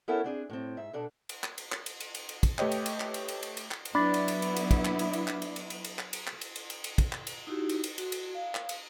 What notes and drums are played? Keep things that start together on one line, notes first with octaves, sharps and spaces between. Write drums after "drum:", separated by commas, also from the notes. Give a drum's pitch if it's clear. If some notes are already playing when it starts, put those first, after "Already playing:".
B3 C#4 E4 A4 A#4 C#5
C4 D4 G#4
A2 C4
G#2 E5
B2 D4 A4
drum: cymbal
drum: clap
drum: cymbal
drum: clap
drum: cymbal
drum: cymbal
drum: cymbal
drum: cymbal
drum: kick, cymbal
A3 G4 B4 C#5 D#5 G5, drum: clap
drum: cymbal
drum: cymbal
drum: clap
drum: cymbal
drum: cymbal
drum: cymbal
drum: cymbal
drum: clap
drum: cymbal
F#3 B3 D4 E4 B5 A6
drum: cymbal
drum: cymbal
drum: cymbal
drum: cymbal
drum: kick, cymbal
drum: clap
drum: cymbal
drum: cymbal
drum: clap
drum: cymbal
drum: cymbal
drum: cymbal
drum: cymbal
drum: clap
drum: cymbal
drum: clap
drum: cymbal
drum: cymbal
drum: cymbal
drum: cymbal
drum: kick, cymbal
drum: clap
drum: cymbal
D#4 E4 F#4 G4
drum: cymbal
drum: cymbal
F#4, drum: cymbal
drum: cymbal
F5
drum: clap
drum: cymbal